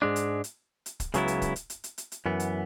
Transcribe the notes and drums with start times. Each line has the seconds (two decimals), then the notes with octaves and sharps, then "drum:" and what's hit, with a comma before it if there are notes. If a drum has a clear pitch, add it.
0.02 G#2 G#3 D4
0.16 drum: hi-hat
0.44 drum: hi-hat
0.86 drum: hi-hat
1.00 drum: kick, hi-hat
1.14 C#2 C#3 F#3 B3 E4, drum: hi-hat
1.28 drum: hi-hat
1.42 drum: kick, hi-hat
1.56 drum: hi-hat
1.70 drum: hi-hat
1.84 drum: hi-hat
1.98 drum: hi-hat
2.12 drum: hi-hat
2.26 F#2 E3 B3
2.40 drum: hi-hat